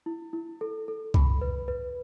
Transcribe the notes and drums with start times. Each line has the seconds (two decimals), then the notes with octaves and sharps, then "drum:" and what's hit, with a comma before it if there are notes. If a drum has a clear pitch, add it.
0.06 E4
0.33 E4
0.61 A4
0.88 A4
1.14 B5, drum: kick C2
1.41 B4
1.68 B4